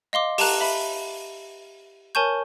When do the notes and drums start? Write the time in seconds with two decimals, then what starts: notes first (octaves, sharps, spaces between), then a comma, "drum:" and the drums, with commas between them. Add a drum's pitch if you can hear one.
0.13 D#5 F5 C6 D6
0.38 G4 A5 A#5 F#6, drum: open hi-hat
0.61 E5 B5
2.15 A#4 C#5 G#5 A5 C#6 G6